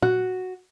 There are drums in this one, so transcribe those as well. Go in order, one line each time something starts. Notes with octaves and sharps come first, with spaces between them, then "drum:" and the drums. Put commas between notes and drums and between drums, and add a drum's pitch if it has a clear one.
F#4, drum: tom A#2